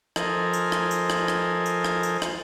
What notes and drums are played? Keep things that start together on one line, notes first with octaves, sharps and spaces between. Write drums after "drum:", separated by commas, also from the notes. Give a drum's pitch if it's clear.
F3 A4 A#4 C5 D#5 G#5, drum: rim click
drum: tambourine
drum: rim click
drum: tambourine
drum: rim click
drum: rim click
drum: tambourine
drum: rim click
drum: tambourine
drum: rim click